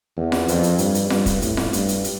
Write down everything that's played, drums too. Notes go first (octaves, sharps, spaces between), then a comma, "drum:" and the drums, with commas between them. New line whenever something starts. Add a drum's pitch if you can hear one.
E2
drum: snare F4
F2, drum: hi-hat
drum: hi-hat
G2, drum: hi-hat
drum: hi-hat
G2, drum: snare F4
drum: kick, hi-hat
A2, drum: hi-hat
drum: snare F4
G2, drum: hi-hat
drum: hi-hat
drum: hi-hat